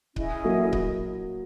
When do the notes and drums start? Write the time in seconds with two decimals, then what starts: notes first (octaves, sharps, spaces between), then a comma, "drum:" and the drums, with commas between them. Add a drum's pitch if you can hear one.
0.16 C#4 E4 G#4 D#5, drum: kick C#1
0.45 F#3 A#3
0.73 drum: kick C#1